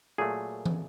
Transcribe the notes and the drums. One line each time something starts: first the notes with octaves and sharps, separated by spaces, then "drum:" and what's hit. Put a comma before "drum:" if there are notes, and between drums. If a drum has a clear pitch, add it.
A#2 F#3 A3 G#4
drum: tom E3